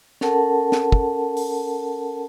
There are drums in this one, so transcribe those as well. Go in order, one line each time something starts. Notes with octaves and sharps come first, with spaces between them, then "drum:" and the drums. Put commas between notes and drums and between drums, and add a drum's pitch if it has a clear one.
C#4 A4 A#4 F#5 A5, drum: snare
drum: snare
drum: kick
drum: open hi-hat